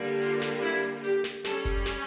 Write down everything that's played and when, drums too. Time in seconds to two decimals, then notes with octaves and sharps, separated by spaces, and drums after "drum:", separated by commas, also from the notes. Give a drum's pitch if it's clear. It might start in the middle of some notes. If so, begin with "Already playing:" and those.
Already playing: D3 G3 A#3
0.21 F4, drum: hi-hat
0.42 drum: snare
0.62 E4, drum: hi-hat
0.83 drum: hi-hat
1.04 G4, drum: hi-hat
1.24 drum: snare
1.44 G3 C#4 A4, drum: snare
1.65 drum: kick F#1, hi-hat
1.86 drum: snare